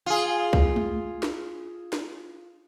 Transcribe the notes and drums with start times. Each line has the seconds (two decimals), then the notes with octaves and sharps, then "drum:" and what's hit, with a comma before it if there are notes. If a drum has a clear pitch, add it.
0.06 F4 G#4
0.53 drum: kick C2
0.76 drum: tom G#3
1.23 drum: snare
1.93 drum: snare